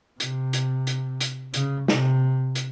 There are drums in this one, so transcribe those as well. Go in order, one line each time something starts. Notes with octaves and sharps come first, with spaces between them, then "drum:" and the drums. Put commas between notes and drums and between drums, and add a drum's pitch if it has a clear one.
C3, drum: hi-hat
drum: hi-hat
drum: hi-hat
drum: hi-hat
C#3, drum: hi-hat
C3, drum: snare
drum: hi-hat